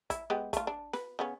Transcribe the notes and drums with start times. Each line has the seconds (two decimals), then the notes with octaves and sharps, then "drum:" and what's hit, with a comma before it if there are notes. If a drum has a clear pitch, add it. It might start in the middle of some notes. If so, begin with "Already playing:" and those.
0.10 E4, drum: kick, hi-hat
0.30 G#3 B3 G4
0.53 A3 F4, drum: kick, hi-hat
0.67 D4
0.93 B4, drum: snare
1.19 C#3 B3 C#4